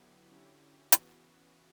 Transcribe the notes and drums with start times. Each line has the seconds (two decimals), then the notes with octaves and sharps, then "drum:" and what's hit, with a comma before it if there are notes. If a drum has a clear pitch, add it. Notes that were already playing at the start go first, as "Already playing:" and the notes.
Already playing: D3 F#3 B3 E4 G4
0.29 D3 F#3 C#4 E4 G4
0.92 C#3 E3 B3 F#4, drum: hi-hat